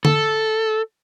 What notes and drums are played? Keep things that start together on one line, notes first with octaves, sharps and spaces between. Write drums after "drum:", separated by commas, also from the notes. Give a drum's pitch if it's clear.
A4, drum: tom D3